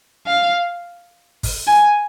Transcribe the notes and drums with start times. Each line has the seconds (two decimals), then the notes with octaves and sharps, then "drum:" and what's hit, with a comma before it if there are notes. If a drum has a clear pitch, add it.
0.27 F5
1.43 drum: kick, open hi-hat
1.67 G#5